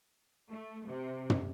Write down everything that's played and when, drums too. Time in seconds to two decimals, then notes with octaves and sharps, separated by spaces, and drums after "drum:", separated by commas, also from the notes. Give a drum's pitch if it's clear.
0.50 A3
0.87 C3
1.30 drum: tom